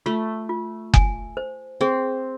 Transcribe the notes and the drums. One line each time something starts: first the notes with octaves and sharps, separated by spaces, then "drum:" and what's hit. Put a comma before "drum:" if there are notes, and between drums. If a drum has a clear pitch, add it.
A3 F4
F4
G#5, drum: kick F#1
C5
C4 G#4